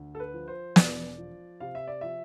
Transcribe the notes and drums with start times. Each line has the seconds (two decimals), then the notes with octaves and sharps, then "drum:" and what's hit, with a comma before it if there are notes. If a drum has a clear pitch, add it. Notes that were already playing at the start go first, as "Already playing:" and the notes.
Already playing: D2
0.15 A4
0.20 B4
0.34 F3
0.48 C5
0.76 E1 D5, drum: snare
1.18 F3
1.60 C3 F5
1.75 E5
1.87 D5
2.01 F3 E5